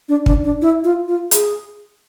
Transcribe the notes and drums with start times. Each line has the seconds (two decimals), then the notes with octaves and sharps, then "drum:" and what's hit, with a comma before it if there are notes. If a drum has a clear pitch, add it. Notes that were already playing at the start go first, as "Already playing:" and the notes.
0.09 D4
0.26 D4, drum: kick
0.44 D4
0.62 E4
0.84 F4
1.08 F4
1.31 G#4, drum: hi-hat